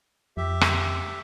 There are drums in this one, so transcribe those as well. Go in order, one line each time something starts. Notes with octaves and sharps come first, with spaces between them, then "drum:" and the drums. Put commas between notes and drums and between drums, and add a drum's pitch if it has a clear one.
F2 G4 E5
drum: rim click